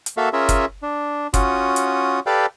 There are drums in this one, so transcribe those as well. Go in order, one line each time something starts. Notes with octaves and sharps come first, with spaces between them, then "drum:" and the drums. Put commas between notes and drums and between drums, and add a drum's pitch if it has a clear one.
drum: hi-hat
A#3 F#4 A4 E5 F5
C#4 F4 G#4 A#4 E5
drum: kick, hi-hat
D4
C#4 F4 F#4 D#6, drum: kick, hi-hat
drum: hi-hat
G4 A4 B4 D5 F5 G5